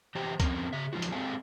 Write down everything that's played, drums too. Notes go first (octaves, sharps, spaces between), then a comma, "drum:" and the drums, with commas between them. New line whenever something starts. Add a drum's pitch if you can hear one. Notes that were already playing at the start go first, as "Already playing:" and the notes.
E3 G4 C5 G5 A#5
F2 D#3 C4 C#4 A#4 A#5, drum: kick C#2, hi-hat
C#3 E5
F3 F#3 G#3 D#4 F4 F#4
drum: hi-hat
G#3 C4 A4 F5 G#5